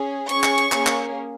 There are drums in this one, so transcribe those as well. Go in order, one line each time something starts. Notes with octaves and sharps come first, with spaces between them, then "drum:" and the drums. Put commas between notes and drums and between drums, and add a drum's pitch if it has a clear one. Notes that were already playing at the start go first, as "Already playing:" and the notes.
Already playing: C#4 G#4
C#4 G#4 C#6, drum: hi-hat
drum: clap
drum: hi-hat
A#3 C#4 G#4, drum: clap
drum: clap